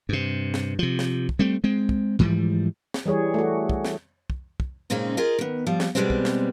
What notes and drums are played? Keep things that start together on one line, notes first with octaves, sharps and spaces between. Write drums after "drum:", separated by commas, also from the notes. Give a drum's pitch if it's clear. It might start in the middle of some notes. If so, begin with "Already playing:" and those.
G2 C3
drum: snare
C3 F3
drum: snare
drum: kick
G3 A3 C4
G#3 C4
drum: kick
G#2 E3 F3 G3, drum: kick
drum: snare
E3 G3 G#4 C#5
A3 F#4
drum: kick
drum: snare
drum: kick
drum: kick
A#2 C#3 G#3 C4 C#4 D#4
F4 G#4 A#4 D#5
D#3 B3
F3 G3
drum: snare
B2 E3 G3 G#3 B3 C4
drum: kick
drum: snare